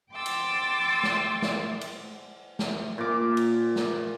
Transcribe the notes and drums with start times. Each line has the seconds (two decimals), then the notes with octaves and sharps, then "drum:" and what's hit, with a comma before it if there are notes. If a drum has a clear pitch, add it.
0.12 G5 C6 D6 E6 A6
0.26 drum: cymbal
1.03 drum: snare
1.42 drum: snare
1.81 drum: cymbal
2.59 drum: snare
2.98 A#2 D6
3.37 drum: cymbal
3.76 drum: snare